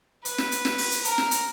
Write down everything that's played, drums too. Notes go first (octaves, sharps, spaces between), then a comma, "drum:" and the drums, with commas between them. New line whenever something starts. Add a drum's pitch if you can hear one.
B4, drum: hi-hat
drum: snare
drum: hi-hat
drum: snare
drum: open hi-hat
drum: hi-hat
A#4, drum: hi-hat
drum: snare
drum: hi-hat